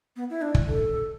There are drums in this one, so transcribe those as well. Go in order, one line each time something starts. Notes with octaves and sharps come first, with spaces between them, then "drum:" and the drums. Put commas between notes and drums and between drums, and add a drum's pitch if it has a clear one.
B3
E4
D4
drum: kick
A4